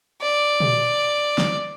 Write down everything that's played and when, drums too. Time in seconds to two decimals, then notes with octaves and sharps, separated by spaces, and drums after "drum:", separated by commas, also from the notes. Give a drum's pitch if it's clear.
0.22 D5
0.60 drum: tom A#2
1.38 drum: snare